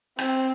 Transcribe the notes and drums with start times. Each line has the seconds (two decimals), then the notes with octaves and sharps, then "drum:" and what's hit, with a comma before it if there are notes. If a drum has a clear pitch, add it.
0.19 C4, drum: rim click